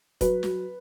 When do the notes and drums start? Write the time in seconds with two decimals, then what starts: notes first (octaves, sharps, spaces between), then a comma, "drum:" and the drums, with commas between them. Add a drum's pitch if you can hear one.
0.21 F#3 B4, drum: kick F1, hi-hat
0.43 F#3, drum: snare